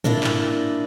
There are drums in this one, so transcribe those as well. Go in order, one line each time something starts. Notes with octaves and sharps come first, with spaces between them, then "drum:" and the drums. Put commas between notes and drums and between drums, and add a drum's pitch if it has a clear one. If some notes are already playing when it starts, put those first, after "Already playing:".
A#3 D4 E4 F4, drum: tom
drum: clap